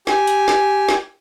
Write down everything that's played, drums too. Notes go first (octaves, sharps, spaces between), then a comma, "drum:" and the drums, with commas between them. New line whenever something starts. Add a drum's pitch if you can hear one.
G4 G#5, drum: snare
drum: hi-hat
drum: snare
drum: snare